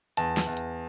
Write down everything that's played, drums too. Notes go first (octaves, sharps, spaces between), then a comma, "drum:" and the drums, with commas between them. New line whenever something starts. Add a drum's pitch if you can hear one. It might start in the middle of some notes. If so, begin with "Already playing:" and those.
E2 A5, drum: hi-hat
drum: snare
E2
drum: hi-hat